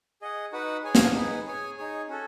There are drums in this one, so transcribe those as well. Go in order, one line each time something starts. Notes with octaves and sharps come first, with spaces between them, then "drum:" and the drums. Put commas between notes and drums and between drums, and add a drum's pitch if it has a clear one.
G#4 D#5 F#5
D#4 F#4 B4 F#5
G#4 C#5 G#5
drum: snare
D#4 G#4 B4 F#5
G#4 C#5 G#5
D#4 G#4 C#5
C#4 F#4 A4